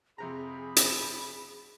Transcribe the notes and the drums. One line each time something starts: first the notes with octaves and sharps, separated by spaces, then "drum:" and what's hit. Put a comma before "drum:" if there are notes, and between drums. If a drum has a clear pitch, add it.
F2 C3 G#4 A#5 B5
drum: hi-hat